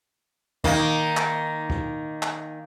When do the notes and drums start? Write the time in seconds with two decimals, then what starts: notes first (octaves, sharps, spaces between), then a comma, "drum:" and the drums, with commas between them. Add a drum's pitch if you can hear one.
0.64 D#3 A#3, drum: kick
1.17 drum: clap
1.70 drum: kick
2.23 drum: clap